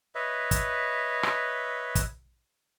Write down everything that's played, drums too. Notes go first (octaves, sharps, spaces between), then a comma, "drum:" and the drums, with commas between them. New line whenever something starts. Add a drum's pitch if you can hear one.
B4 C#5 D#5 E5
drum: kick, hi-hat
drum: rim click
drum: kick, hi-hat